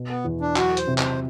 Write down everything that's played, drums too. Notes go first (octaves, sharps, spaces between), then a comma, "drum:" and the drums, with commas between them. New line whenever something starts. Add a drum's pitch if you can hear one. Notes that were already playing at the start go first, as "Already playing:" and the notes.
Already playing: B2
B3
E2
D4
F#3 F#4, drum: clap
C5, drum: hi-hat
C3
C5, drum: clap